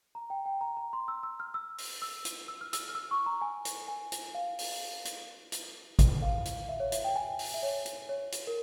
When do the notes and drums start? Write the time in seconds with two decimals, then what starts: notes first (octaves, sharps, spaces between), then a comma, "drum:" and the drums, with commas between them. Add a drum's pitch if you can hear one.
0.15 A#5
0.30 G5
0.45 G5
0.61 A#5
0.77 A#5
0.93 C6
1.08 E6
1.23 E6
1.40 F6
1.54 E6
1.78 drum: open hi-hat
2.02 E6
2.25 drum: hi-hat
2.48 E6
2.61 F6
2.73 E6, drum: hi-hat
2.89 F6
2.95 E6
3.11 C#6
3.26 A#5
3.41 G#5
3.65 drum: hi-hat
3.88 G#5
4.12 drum: hi-hat
4.35 F5
4.59 drum: open hi-hat
5.05 drum: hi-hat
5.52 drum: hi-hat
5.99 drum: kick G#1, hi-hat
6.22 F5
6.45 drum: hi-hat
6.69 E5
6.80 C#5
6.92 E5, drum: hi-hat
7.04 G5
7.16 G#5
7.39 drum: open hi-hat
7.54 E5
7.63 C#5
7.86 drum: hi-hat
8.09 C#5
8.32 drum: hi-hat
8.47 A#4